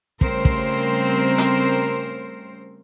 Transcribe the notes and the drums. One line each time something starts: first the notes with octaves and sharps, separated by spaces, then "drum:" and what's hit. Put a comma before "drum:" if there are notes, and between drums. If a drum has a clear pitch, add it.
C#3 G3 A3 C4 A#4 C5, drum: kick
drum: kick
drum: hi-hat